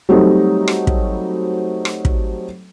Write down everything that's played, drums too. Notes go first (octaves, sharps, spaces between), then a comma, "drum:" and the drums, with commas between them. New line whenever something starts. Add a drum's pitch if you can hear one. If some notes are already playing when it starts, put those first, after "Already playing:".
F#3 G3 A3 C4 D#4
drum: rim click
drum: kick
drum: rim click
drum: kick